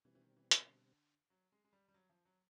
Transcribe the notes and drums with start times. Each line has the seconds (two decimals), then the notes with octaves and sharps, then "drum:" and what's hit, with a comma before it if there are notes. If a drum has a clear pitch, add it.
0.05 B2 E3 G3 C4
0.15 E3
0.21 D#3
0.37 E3
0.51 D3, drum: hi-hat
0.68 D3
1.30 F#3
1.52 G#3
1.64 G#3
1.73 G3
1.88 G3
1.94 F#3
2.10 F3
2.25 F#3